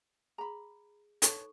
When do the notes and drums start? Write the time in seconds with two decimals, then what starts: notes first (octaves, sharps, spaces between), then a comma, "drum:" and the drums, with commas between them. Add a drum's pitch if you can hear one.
0.38 G#4 A#5 B5
1.22 D#4 A4 B4 C#5 A5 C#6, drum: hi-hat